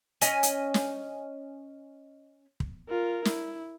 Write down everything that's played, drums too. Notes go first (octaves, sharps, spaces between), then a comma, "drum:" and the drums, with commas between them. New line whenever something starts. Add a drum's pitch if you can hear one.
C#4 D#5 G#5, drum: hi-hat
drum: hi-hat
drum: snare
drum: kick
F4 A#4
E4, drum: snare